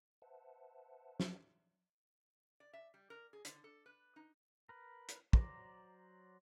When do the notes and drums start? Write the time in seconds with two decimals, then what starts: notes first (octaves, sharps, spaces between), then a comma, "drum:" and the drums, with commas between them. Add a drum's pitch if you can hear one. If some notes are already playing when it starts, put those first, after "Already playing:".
0.22 B4 C5 E5 F#5 A5
1.20 drum: snare
2.60 D5
2.73 E5
2.94 G3
3.10 A#4
3.33 G#4
3.45 D3, drum: hi-hat
3.64 A4
3.86 B4
4.16 D#4
4.69 A#4 B4
5.09 drum: hi-hat
5.33 F#3 C5 D5 A#5 D6, drum: kick